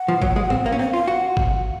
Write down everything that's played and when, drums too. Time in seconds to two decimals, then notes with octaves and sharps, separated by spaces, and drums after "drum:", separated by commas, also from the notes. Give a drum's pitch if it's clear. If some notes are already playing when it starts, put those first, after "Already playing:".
Already playing: F#5
0.08 F3
0.22 F#3, drum: kick
0.36 G#3
0.50 C4, drum: tom
0.65 A#3 F5
0.72 C#4
0.79 C4 F5
0.93 F4 F5
1.08 F#4 F#5
1.37 drum: kick